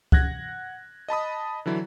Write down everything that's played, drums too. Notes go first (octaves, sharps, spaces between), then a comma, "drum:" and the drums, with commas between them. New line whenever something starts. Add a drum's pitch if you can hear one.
F#5 F#6 G#6 A#6, drum: kick
D#5 A5 B5 D#6
D3 E3 F#3 E4